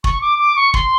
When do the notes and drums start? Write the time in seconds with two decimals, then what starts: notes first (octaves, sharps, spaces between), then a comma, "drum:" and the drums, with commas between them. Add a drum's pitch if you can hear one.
0.04 C#6, drum: kick
0.21 D6
0.39 D6
0.56 C#6
0.74 C6, drum: kick